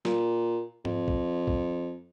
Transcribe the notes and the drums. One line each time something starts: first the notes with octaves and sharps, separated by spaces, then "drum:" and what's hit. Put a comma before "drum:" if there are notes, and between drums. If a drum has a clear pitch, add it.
A#2, drum: snare
F2, drum: tom G#2
drum: kick A#1
drum: kick A#1